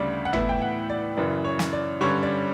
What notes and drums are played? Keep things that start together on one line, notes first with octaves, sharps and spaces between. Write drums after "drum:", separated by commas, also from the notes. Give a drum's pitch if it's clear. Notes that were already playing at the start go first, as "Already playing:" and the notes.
Already playing: D2 C#3 G3 D4 D5
F#5
A2 E3 B3 E4 E5, drum: tom
G5
F#5
D5
F#2 C#3 E3 D5
C#5
drum: snare
D5
G2 D3 G3 C#4 C#5
D5